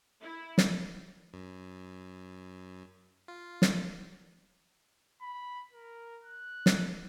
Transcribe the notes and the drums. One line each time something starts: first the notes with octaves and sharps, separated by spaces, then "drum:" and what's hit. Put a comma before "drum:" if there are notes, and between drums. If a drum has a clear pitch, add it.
E4
drum: snare
F#2
F4
drum: snare
B5
A#4
F#6
drum: snare